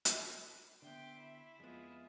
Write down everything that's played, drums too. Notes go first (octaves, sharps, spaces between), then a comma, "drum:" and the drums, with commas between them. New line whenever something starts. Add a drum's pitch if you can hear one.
drum: hi-hat
D3 B3 E5 G5 C6 D6
E4
F2 G#3 B3 F4